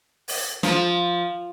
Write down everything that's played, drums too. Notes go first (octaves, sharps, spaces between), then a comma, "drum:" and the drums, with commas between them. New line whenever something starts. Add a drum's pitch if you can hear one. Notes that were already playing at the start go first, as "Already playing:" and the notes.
drum: open hi-hat
F3, drum: snare